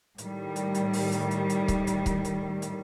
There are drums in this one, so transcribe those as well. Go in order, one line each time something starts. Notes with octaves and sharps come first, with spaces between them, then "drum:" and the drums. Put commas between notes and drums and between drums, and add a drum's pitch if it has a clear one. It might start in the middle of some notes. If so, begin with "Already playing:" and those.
A2 D#3 G3, drum: hi-hat
drum: hi-hat
drum: hi-hat
drum: open hi-hat
drum: hi-hat
drum: hi-hat
drum: hi-hat
drum: kick C#1, hi-hat
drum: hi-hat
drum: kick C#1, hi-hat
drum: hi-hat
drum: hi-hat